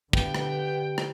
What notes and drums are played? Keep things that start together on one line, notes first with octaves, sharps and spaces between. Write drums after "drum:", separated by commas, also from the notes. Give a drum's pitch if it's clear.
G2 D3 B3 G5, drum: kick
drum: rim click
drum: rim click